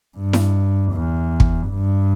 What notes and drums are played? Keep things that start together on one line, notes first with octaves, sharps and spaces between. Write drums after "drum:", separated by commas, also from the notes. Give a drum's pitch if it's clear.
G2
drum: snare E4
E2
drum: kick
G2